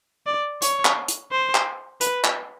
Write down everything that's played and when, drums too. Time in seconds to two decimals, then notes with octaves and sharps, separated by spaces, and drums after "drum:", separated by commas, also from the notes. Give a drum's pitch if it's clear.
0.26 D5
0.62 C#5, drum: hi-hat
0.85 drum: clap
1.08 drum: hi-hat
1.32 C5
1.55 drum: clap
2.01 B4, drum: hi-hat
2.24 drum: clap